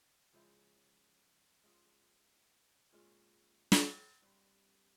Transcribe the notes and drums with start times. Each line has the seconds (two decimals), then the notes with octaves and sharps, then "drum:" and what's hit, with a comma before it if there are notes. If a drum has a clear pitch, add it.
0.33 C#3 F3 G#3 E4
1.63 G#3 C#4 F4 G#4
2.93 A#2 G#3 C#4
3.72 drum: snare
4.22 G2 G3 C4